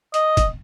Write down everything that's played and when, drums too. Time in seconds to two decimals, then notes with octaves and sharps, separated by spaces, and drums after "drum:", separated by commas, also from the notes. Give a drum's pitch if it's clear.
0.14 D#5, drum: hi-hat
0.37 drum: kick, hi-hat